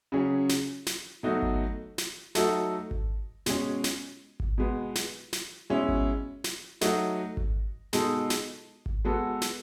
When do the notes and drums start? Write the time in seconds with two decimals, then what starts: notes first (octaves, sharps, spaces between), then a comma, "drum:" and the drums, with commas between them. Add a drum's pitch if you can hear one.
0.12 C#3 F#3 C#4 G#4
0.49 drum: snare
0.86 drum: snare
1.23 B2 F#3 A3 D#4 F#4
1.42 drum: kick G#1
1.98 drum: snare
2.35 F#3 A3 D#4 F#4 A4, drum: snare
2.91 drum: kick G#1
3.46 B2 G#3 C#4 G#4, drum: snare
3.84 drum: snare
4.40 drum: kick G#1
4.58 B2 G#3 B3
4.95 drum: snare
5.33 drum: snare
5.70 B2 G#3 C#4 E4
5.88 drum: kick G#1
6.44 drum: snare
6.81 F#3 A3 D#4 F#4, drum: snare
7.37 drum: kick G#1
7.93 B2 G#3 D#4 A4, drum: snare
8.30 drum: snare
8.86 drum: kick G#1
9.05 G#3 B3 F#4 A4
9.42 drum: snare